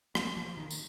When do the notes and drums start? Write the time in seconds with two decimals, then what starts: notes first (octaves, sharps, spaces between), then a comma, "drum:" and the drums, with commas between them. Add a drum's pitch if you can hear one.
0.15 F3, drum: rim click
0.37 F3
0.57 D#3
0.71 drum: tambourine